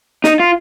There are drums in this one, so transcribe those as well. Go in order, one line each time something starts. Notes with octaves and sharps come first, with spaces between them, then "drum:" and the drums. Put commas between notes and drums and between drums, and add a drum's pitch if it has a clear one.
D#4, drum: snare
F4